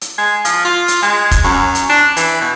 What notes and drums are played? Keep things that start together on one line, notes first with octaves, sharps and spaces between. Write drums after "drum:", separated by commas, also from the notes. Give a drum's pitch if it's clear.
drum: hi-hat
G#3
F3, drum: hi-hat
F4
drum: hi-hat
G#3
drum: kick F1, hi-hat
F#2
drum: hi-hat
D4
E3, drum: hi-hat
B2